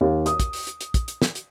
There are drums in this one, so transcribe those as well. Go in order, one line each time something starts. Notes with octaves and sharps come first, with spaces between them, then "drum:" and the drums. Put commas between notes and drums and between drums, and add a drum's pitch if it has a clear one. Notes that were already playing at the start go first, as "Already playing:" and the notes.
D#2
D#6, drum: hi-hat
drum: kick, hi-hat
drum: open hi-hat
drum: hi-hat
drum: hi-hat
drum: kick, hi-hat
drum: hi-hat
drum: snare
drum: hi-hat